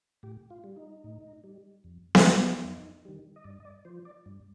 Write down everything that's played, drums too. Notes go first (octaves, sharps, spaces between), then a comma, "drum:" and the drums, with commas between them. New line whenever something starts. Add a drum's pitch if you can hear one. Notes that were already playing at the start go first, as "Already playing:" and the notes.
A2 G4
F4
G3
D#4
A2
G3
F2
drum: snare B3
D#3 G3
F2 D#4
D#3 G3
D#5
G2 D5
D#5
D5
F3 C5
D5
G2